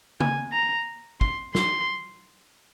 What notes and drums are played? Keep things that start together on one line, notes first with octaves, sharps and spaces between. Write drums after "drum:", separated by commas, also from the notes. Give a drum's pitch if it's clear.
G#5, drum: tom C#3
A#5
C6, drum: kick
C6, drum: snare